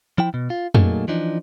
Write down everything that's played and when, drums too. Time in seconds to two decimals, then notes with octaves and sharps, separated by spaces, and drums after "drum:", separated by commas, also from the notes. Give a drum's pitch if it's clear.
0.18 F3 E4 G5
0.34 B2
0.50 F4
0.75 A#2 F#3 A3 A#3 D#4 G#4, drum: tom F2
1.08 E3 F3 D4 D#4